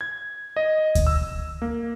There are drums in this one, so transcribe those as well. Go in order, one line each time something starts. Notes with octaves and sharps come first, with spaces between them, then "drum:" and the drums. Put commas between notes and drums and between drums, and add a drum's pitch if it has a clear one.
G#6
D#5
drum: kick D2, hi-hat
E6
A#3